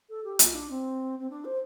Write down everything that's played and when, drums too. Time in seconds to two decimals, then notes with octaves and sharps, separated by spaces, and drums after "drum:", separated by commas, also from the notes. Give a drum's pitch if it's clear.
0.09 A4
0.24 G4
0.39 F4, drum: hi-hat
0.54 D4
0.70 C4
1.19 C4
1.30 D4
1.45 C5